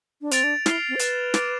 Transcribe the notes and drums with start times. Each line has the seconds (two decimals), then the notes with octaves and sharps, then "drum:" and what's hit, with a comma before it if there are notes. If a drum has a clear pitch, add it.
0.21 D4
0.31 C4 A6 D7 F7, drum: hi-hat
0.44 D4
0.66 E4 F6 C7 G7, drum: snare
0.89 C4
0.96 C5
0.99 B4 A6 C7 E7, drum: hi-hat
1.34 D6 A6 D7, drum: snare